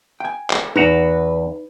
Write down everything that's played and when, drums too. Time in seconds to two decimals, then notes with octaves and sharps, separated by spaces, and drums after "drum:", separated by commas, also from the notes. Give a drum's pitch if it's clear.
0.20 G5 G#5
0.50 drum: clap
0.76 E2 D#4 F#4 B4 A#5